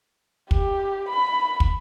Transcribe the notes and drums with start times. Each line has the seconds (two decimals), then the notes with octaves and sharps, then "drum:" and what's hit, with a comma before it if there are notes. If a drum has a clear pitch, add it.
0.51 G4, drum: kick
1.09 B5
1.60 drum: kick